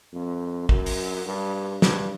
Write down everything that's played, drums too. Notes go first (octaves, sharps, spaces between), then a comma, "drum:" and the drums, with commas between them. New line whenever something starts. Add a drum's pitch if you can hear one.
F2
F#2, drum: kick
drum: open hi-hat
G2
G2, drum: snare